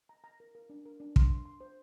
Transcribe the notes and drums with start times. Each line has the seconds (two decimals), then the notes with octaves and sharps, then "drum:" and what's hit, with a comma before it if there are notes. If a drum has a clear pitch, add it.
0.09 A#5
0.24 A#5
0.40 A#4
0.55 A#4
0.70 D4
0.86 A#4
1.00 D4
1.16 C6, drum: kick
1.31 C6
1.45 C6
1.61 C5